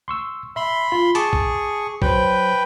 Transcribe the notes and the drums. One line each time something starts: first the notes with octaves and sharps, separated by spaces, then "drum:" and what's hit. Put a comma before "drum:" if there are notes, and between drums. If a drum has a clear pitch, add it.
C6 C#6 E6
E5 B5 C6
F4
G#4 A5 C#6 D6, drum: hi-hat
drum: kick A#1
F#3 B4 C5 G5, drum: kick A#1